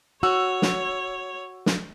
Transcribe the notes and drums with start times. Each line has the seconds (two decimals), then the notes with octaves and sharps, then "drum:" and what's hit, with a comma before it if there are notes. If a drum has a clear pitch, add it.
0.23 F#4 C#5 E6
0.62 drum: snare
1.66 drum: snare